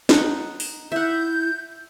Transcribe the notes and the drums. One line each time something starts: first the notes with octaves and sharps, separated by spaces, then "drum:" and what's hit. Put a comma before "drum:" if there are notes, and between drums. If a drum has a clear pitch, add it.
D#4 F#5, drum: snare
drum: open hi-hat
E4 E5 F#5 G6